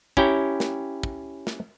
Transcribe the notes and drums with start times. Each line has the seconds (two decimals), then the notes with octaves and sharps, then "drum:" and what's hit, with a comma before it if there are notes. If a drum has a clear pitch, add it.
0.17 C#4 E4 G4 C#5 G5 A#5, drum: kick
0.60 drum: snare
1.03 drum: kick
1.47 drum: snare